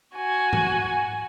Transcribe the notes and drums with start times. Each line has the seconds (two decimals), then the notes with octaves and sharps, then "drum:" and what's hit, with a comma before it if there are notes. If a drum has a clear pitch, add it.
0.16 F#4 G#5
0.53 drum: tom G#2